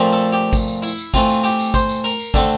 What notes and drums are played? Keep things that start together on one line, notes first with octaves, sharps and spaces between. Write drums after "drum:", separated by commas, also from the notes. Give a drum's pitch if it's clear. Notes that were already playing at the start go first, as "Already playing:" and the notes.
Already playing: A#2 F3 A3 C4
A4
G4
drum: kick, tambourine
drum: tambourine
E4, drum: tambourine
drum: tambourine
E3 A3 C4 F4, drum: kick
drum: tambourine
G4, drum: tambourine
drum: tambourine
C5, drum: kick, tambourine
drum: tambourine
A#4, drum: tambourine
drum: tambourine
D3 A3 C4 A4, drum: kick, tambourine